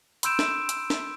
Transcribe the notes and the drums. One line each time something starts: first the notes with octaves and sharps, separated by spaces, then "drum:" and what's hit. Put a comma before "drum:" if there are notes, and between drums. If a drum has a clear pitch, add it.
B5 C6 E6 G6 D7 E7, drum: hi-hat
drum: snare
drum: hi-hat
drum: snare